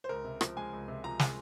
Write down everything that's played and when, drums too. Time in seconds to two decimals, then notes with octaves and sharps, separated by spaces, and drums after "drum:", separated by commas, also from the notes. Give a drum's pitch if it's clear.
0.04 C5
0.09 C#2 A#4
0.24 C3
0.41 F3, drum: rim click
0.57 G#3 G#5
0.73 C#2
0.88 C3
1.04 F3 A#5
1.19 G#3, drum: snare